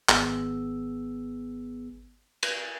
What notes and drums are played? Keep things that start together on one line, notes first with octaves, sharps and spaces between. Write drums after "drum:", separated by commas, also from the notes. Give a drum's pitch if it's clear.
G#1 B3 G#4 E6, drum: clap
drum: cymbal